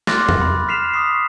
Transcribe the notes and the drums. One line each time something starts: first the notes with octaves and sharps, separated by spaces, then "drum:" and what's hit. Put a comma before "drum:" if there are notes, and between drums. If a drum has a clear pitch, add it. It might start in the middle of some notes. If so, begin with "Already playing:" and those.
C6 D6 F6 F#6 A6 A#6, drum: snare
drum: tom E2
B5
F6 B6 C7 E7 F7
C#6 D#6 B6 C7